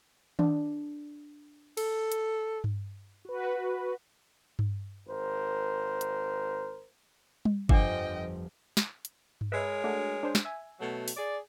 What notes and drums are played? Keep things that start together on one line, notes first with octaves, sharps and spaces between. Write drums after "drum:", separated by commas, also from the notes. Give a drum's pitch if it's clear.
D4, drum: tom D#3
A4, drum: cymbal
drum: hi-hat
drum: tom G2
F#4 B4
drum: tom G2
G#1 A#4 C5
drum: hi-hat
drum: tom G3
G1 F2 F3 D4 D#5 F#5 G5 D6, drum: kick G1
drum: snare
drum: hi-hat
drum: tom G2
G#3 A#4 B4 C#5 D#5 E5
A3 D4 F#4
D4 C5
drum: snare
E5 G#5
B2 F#3 A3
drum: open hi-hat
G#4 D5